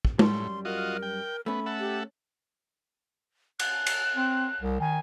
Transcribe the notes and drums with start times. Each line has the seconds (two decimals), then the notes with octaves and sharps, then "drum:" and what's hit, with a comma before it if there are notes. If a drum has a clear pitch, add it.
0.05 drum: kick
0.19 F#2 A2 G3 C#5 C6, drum: tom G#3
0.65 F4 F#4 A#4 D#5
1.02 G5
1.46 A3 B3 C#4 B5
1.66 A4 E5 F#5
1.79 G4
3.60 F#6, drum: cymbal
3.86 drum: cymbal
4.16 C4
4.61 C2
4.80 D#3 G#5